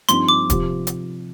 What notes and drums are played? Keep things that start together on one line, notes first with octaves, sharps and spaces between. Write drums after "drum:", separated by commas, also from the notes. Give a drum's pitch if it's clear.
G2 F3 C4 D#4 C6, drum: hi-hat
D6
C3 F3, drum: kick, hi-hat
drum: hi-hat